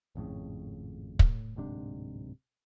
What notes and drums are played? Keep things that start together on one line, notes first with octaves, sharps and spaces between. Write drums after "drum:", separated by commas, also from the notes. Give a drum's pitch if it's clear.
G#1 F2 A2 C#3
A2, drum: kick
D1 G#2 C3 D4